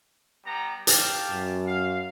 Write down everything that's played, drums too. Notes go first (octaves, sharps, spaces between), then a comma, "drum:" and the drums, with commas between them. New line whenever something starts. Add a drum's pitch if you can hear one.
G3 B3 A#5
G4 F5 A5, drum: hi-hat
F#2
F5